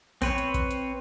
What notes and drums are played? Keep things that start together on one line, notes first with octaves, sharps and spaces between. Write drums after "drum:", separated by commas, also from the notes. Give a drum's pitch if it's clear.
C4 B4 C#5, drum: kick A#1, open hi-hat
drum: hi-hat
drum: kick A#1, hi-hat
drum: hi-hat